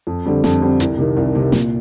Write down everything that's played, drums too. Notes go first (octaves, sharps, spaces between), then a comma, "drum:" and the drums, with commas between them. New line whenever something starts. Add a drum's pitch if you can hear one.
F2
D3 G3 C4
F2, drum: snare
D3 G3 C4
C2, drum: hi-hat
C3 D#3
C2
C3 D#3
A#2, drum: snare